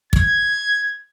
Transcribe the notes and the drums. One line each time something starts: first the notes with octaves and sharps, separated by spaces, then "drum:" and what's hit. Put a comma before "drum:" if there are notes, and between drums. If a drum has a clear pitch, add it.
G#6, drum: kick